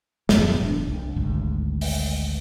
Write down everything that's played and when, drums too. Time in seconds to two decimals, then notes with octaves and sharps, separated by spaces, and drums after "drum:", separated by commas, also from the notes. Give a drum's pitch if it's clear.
0.29 E1 A1 F#2 B3, drum: snare
0.62 F1 C3 D4
0.88 C2
1.16 G#1 D2 G#2
1.81 drum: open hi-hat